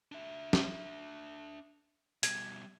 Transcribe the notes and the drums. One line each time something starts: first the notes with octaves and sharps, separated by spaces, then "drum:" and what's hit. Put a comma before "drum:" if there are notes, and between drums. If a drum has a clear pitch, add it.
D4 E5
drum: snare
B2 G3 G#6, drum: hi-hat